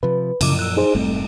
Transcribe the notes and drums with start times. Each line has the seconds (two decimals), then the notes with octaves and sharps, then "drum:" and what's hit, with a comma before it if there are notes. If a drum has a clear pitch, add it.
0.03 C3 F3 B4
0.41 F#2 A#2 C#3 F3 D6, drum: cymbal
0.59 E6 F#6
0.77 D#4 G#4 C5
0.95 F1 G#2 G3 A3 C4